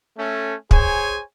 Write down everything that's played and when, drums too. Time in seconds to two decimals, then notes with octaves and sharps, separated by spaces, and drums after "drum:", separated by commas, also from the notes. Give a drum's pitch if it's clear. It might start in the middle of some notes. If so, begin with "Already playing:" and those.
0.17 A3 C#4
0.71 G#4 C5 C#5 G#5, drum: kick